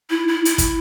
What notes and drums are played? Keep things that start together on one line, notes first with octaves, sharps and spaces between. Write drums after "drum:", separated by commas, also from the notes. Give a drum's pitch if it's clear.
E4
E4
E4, drum: hi-hat
drum: kick, hi-hat